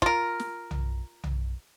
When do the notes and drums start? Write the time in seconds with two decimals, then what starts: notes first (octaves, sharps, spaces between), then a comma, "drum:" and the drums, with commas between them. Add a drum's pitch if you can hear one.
0.02 F4 A#4, drum: kick
0.40 drum: snare
0.71 drum: tom B1
1.24 drum: tom B1